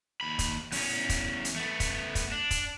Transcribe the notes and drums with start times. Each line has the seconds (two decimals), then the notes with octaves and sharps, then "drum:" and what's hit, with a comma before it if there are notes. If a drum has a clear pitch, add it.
0.21 D#2 B5
0.39 drum: kick, hi-hat
0.72 E2 C#4, drum: open hi-hat
1.09 drum: kick, hi-hat
1.45 drum: hi-hat
1.56 A3 B3
1.80 drum: kick, hi-hat
2.15 drum: kick, hi-hat
2.32 D4
2.51 drum: kick, hi-hat